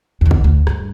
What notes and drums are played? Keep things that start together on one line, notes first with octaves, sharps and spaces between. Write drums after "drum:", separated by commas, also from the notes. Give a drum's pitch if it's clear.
E2 D3
drum: kick
D2
G2, drum: rim click